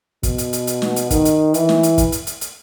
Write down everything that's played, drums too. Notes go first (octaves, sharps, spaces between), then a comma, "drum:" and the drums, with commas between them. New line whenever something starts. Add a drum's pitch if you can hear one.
B2, drum: kick, hi-hat
drum: hi-hat
drum: hi-hat
drum: hi-hat
drum: snare
drum: hi-hat
D#3, drum: kick, hi-hat
drum: hi-hat
E3, drum: hi-hat
drum: snare
drum: hi-hat
drum: kick, hi-hat
drum: hi-hat
drum: hi-hat
drum: hi-hat